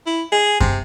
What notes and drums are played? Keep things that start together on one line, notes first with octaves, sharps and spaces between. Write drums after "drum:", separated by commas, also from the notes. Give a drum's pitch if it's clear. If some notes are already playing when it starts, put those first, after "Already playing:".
E4
G#4
C3, drum: kick F#2